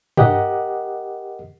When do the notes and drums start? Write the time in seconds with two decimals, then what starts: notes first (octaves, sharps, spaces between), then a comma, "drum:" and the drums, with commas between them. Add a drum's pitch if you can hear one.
0.17 G4 A#4 D#5 F#5, drum: tom G2